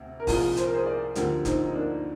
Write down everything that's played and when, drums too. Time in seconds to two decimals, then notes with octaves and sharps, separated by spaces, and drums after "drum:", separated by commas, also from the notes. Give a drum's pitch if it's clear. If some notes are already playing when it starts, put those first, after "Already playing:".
Already playing: D2 C3
0.20 A#4
0.27 C2 A#2 F3 F4 G#4, drum: kick, open hi-hat
0.57 C5, drum: hi-hat
0.65 A#4
0.74 G#4 C5
0.86 A#4 D5
1.15 D2 D3 F3 G4 A#4, drum: hi-hat
1.45 C4 D#4, drum: kick, hi-hat
1.65 D#4
1.75 A#3 D4